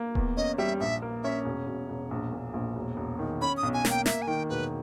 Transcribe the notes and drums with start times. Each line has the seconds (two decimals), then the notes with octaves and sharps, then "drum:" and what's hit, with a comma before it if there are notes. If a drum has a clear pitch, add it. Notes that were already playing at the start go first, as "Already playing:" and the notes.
Already playing: A#3
0.15 E2, drum: kick D#1
0.37 C#4 D#5
0.58 G3 E5
0.80 A#1 E5
1.02 A#3
1.23 C#4 E5
1.45 E1
1.67 E1
1.89 E1
2.11 A#1
2.32 A#2
2.54 A#1
2.76 E1
2.97 E1
3.19 D#3
3.41 C#4 B5
3.57 D#6
3.63 B1
3.73 G#5
3.85 A#3, drum: snare
3.90 G5
4.06 A#3 E5, drum: snare
4.22 G#5
4.27 D#3 G5
4.49 E1 B4